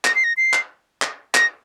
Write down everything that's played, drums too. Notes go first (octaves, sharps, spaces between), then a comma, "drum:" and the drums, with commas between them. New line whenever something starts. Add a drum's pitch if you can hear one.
A#6, drum: clap
C7
A#6
C7
drum: clap
drum: clap
A#6, drum: clap